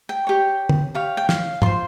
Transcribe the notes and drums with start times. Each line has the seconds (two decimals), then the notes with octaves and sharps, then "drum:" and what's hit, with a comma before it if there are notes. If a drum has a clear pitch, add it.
0.09 G5
0.27 G4 C#5
0.69 drum: tom
0.95 G4 C#5 F5
1.17 G5
1.29 F5, drum: snare
1.62 F4 C5 C6, drum: tom